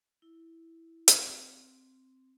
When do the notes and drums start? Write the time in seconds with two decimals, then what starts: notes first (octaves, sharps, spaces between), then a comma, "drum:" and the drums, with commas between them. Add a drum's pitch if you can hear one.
0.22 E4
1.08 C4, drum: hi-hat